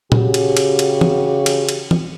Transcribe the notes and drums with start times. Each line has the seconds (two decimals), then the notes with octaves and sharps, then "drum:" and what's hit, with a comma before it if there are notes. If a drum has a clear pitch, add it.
0.12 C#3 F#4 G4, drum: tom A#2
0.34 drum: cymbal
0.57 drum: cymbal
0.79 drum: cymbal
1.01 drum: tom E3
1.46 drum: cymbal
1.69 drum: cymbal
1.91 drum: tom E3